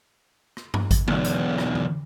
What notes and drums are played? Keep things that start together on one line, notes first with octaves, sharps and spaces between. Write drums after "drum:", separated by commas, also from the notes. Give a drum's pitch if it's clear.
drum: rim click
drum: tom G2
drum: kick G#1, hi-hat
B1 E2, drum: tom D3
drum: hi-hat
drum: rim click
drum: tom D3